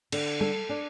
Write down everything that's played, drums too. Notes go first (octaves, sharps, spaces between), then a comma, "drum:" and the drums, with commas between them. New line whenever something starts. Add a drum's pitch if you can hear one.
D3, drum: cymbal
A4, drum: tom G3
D4